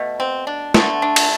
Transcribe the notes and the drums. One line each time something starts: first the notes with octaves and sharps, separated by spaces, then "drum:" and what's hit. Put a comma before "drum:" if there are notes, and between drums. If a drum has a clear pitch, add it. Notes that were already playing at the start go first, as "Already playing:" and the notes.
Already playing: B2 A3
C4
D4
D3 A3 B3, drum: snare
D4
drum: cymbal